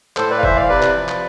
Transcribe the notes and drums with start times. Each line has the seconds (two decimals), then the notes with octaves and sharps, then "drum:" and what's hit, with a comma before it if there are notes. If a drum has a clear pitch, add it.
0.17 A2 A4 C5, drum: clap
0.30 B4 D5
0.39 F5
0.43 E3 C5 E5, drum: kick F1
0.56 D5 F5
0.69 C3 B4 D5
0.82 drum: clap
0.95 F3
1.08 drum: clap